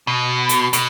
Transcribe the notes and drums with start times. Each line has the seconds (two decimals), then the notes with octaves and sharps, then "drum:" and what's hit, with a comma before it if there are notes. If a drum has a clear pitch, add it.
0.07 B2
0.49 drum: hi-hat
0.73 B2, drum: hi-hat